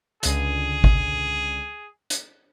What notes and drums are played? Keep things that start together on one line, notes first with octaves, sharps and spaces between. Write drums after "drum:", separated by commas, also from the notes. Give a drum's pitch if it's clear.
C#2 D3 G#4, drum: hi-hat
drum: kick G#1
drum: hi-hat